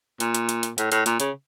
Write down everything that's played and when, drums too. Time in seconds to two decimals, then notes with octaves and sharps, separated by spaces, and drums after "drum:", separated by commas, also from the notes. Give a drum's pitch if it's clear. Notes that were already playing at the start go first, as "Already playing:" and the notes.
0.20 A#2, drum: hi-hat
0.34 drum: hi-hat
0.49 drum: hi-hat
0.63 drum: hi-hat
0.78 A2, drum: hi-hat
0.92 A2, drum: hi-hat
1.06 A#2, drum: hi-hat
1.20 C#3, drum: hi-hat